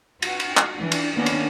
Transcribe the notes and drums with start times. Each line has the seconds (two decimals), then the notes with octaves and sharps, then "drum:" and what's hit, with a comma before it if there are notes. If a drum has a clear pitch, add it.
0.22 F#4, drum: cymbal
0.40 drum: cymbal
0.57 drum: clap
0.78 E3 D4
0.92 drum: cymbal
1.16 D#3 A#3 B3 C#4 D4
1.26 drum: cymbal